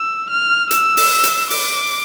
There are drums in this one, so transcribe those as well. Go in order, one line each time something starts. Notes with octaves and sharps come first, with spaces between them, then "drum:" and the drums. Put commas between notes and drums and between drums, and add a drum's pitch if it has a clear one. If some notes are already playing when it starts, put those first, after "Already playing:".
Already playing: E6
F6
E6, drum: hi-hat
drum: open hi-hat
drum: hi-hat
D6, drum: open hi-hat